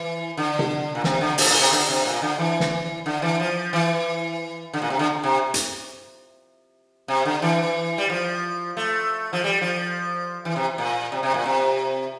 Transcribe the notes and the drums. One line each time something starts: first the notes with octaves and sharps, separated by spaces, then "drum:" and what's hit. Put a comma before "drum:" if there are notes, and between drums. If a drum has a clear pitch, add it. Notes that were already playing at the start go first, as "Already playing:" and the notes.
Already playing: E3
D3
drum: tom C3
A#2
C3, drum: snare
D3
A#2, drum: open hi-hat
A#2
C3
D3
C3
A#2
D3
E3
drum: snare
D3
E3
F3
E3
D3
A#2
C3
D3
C3
drum: hi-hat
C3
D3
E3
G3
F3
A3
F3
G3
F3
E3
C3
A#2
C3
C3
A#2
C3